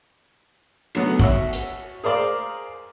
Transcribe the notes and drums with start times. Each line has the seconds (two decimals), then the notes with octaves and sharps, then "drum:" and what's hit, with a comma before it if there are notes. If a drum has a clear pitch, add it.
0.95 D3 F#3 A3 B3, drum: cymbal
1.19 F#4 C#5 E5, drum: kick
1.53 drum: hi-hat
2.04 G#4 A#4 C5 D5 F5